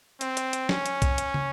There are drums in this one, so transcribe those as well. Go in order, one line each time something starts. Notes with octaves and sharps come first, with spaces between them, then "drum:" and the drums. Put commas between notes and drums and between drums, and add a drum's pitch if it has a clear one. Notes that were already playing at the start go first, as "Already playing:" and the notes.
C4, drum: hi-hat
drum: hi-hat
drum: hi-hat
C#4, drum: snare
drum: hi-hat
drum: kick, hi-hat
drum: hi-hat
drum: tom